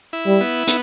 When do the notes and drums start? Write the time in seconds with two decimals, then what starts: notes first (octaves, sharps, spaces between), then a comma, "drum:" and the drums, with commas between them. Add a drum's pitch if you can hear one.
0.13 E4
0.27 G3
0.41 B3
0.67 B3, drum: hi-hat